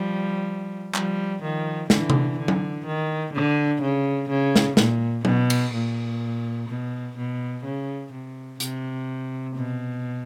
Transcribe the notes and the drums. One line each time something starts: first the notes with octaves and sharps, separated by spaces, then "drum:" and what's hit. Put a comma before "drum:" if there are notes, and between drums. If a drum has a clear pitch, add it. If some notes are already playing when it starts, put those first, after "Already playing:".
Already playing: F3 G3
F3 G3, drum: clap
D#3 F3
D3 E3, drum: snare
drum: tom C3
D3
drum: tom F#3
D#3
D3
C#3
C#3
drum: snare
A#2, drum: snare
B2, drum: tom F#3
drum: cymbal
A#2
B2
B2
C#3
C3
C3, drum: hi-hat
B2